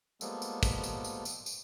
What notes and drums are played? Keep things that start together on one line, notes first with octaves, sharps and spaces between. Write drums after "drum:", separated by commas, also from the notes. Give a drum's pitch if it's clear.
F3 G3 G#3 A#3 B3 A4, drum: tambourine
drum: tambourine
drum: kick, tambourine
drum: tambourine
drum: tambourine
drum: tambourine
drum: tambourine